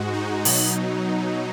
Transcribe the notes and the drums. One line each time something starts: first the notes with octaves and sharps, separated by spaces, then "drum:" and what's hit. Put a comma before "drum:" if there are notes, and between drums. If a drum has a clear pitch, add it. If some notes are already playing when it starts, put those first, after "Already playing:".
Already playing: G#2 G#3 F#4
D#4
B2 F#3, drum: open hi-hat